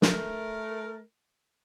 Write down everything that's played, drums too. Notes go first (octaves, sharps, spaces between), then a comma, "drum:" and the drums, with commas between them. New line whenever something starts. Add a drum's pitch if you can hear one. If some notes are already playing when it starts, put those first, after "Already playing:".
A3 A#4, drum: snare